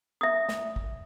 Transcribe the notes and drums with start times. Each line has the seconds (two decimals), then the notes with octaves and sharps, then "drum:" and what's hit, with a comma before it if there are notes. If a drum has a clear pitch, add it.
0.21 E5 D#6
0.49 drum: snare
0.76 drum: kick